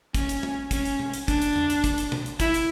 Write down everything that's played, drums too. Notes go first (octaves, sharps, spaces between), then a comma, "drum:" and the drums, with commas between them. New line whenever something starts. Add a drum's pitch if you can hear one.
C#4, drum: kick, hi-hat
drum: hi-hat
drum: tom
C#4, drum: kick, hi-hat
drum: hi-hat
drum: tom B2
drum: hi-hat
D4, drum: kick, hi-hat
drum: hi-hat
drum: tom E2
drum: hi-hat
drum: kick, hi-hat
drum: hi-hat
drum: tom
drum: hi-hat
E4, drum: kick, hi-hat
drum: hi-hat